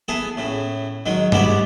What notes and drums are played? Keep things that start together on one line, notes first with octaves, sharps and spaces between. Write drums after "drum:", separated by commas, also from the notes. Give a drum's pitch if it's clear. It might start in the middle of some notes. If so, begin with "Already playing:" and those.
B3 E4 G#4 A4
A2 C#3
D#3 F#3 G#3
G3 G#3 B3 E4 F#4 D5, drum: tom